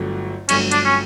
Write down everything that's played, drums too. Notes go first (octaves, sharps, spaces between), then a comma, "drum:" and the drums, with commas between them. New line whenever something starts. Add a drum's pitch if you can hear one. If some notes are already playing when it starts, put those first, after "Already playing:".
Already playing: G1 G2 D3 F#3 A3
G1 G2 D3 F#3 A3 C#4, drum: cymbal
D4, drum: cymbal
C#4